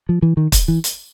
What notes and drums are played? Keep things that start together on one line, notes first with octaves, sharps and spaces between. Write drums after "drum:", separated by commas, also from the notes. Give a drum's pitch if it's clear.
F3
E3
D#3
drum: kick, hi-hat
E3
drum: hi-hat